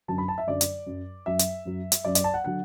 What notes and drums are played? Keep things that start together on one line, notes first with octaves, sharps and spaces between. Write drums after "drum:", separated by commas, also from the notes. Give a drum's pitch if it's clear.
F#2 D3 F#3 A5
B5
A5
E5
F#2 D3 F#3 D5
drum: hi-hat
F#2 F#3
F#2 F#3 E5
drum: hi-hat
F#2 F#3
drum: hi-hat
F#2 F#3 D5
D5, drum: hi-hat
A5
F#5
D3 F#3 F#5